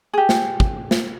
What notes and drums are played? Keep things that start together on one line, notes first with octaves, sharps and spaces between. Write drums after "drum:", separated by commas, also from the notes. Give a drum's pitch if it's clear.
G4 G#4
drum: snare
drum: kick
drum: snare